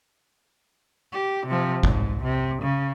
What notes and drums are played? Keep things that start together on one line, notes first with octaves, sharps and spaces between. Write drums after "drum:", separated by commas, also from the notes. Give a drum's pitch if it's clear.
G4
C3 F3
G#2, drum: kick G1
C3
C#3